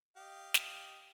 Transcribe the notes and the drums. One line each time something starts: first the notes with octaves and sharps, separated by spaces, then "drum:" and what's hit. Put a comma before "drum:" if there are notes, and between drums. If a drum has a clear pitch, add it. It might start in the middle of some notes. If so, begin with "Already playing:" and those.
G4 D#5 F5
drum: snare